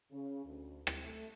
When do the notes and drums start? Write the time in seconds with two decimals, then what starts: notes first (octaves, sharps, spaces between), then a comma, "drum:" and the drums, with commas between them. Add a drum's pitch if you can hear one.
0.12 C#3
0.45 D2
0.87 drum: rim click
1.02 A3